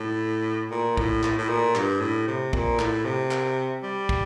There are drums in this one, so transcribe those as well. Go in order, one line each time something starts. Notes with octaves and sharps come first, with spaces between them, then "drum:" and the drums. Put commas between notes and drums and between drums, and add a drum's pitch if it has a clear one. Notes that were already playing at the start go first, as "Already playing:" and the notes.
Already playing: A2
A#2
A2, drum: kick
A2, drum: clap
A2
A#2
G2, drum: clap
A2
C3
A#2, drum: kick
A2, drum: clap
C3
drum: clap
G3
drum: kick